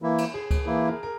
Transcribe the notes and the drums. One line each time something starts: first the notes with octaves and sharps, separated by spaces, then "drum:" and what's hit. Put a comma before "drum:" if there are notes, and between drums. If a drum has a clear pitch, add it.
E3 A#3 E4
drum: cymbal
G#4
drum: kick C#2, cymbal
E3 A#3 E4
A#4
A#4